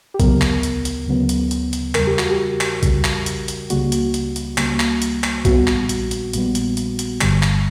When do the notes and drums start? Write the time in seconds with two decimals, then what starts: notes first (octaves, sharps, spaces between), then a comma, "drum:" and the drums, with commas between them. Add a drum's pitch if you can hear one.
0.14 G4
0.20 D2 C#3 F#3 B3 A#4, drum: kick A#1, hi-hat
0.41 drum: clap
0.63 drum: hi-hat
0.85 drum: hi-hat
1.07 D2 C#3 F#3 B3
1.29 drum: hi-hat
1.51 drum: hi-hat
1.73 drum: hi-hat
1.95 E2 C#3 G3 A#4, drum: clap
2.07 G4
2.19 F#4, drum: clap
2.31 G4
2.61 drum: clap
2.83 E2 C#3 G3, drum: kick A#1, hi-hat
3.04 drum: clap
3.26 drum: hi-hat
3.48 drum: hi-hat
3.70 C#2 C#3 G3 A#3 F#4, drum: hi-hat
3.92 drum: hi-hat
4.14 drum: hi-hat
4.36 drum: hi-hat
4.58 C#2 C#3 G3 A#3, drum: clap
4.80 drum: clap
5.02 drum: hi-hat
5.24 drum: clap
5.45 A#1 A#2 G3 B3 F#4, drum: kick A#1, hi-hat
5.67 drum: clap
5.89 drum: hi-hat
6.11 drum: hi-hat
6.33 A#1 A#2 G3 B3, drum: hi-hat
6.55 drum: hi-hat
6.77 drum: hi-hat
6.99 drum: hi-hat
7.21 G1 G2 D3 G3, drum: clap
7.43 drum: clap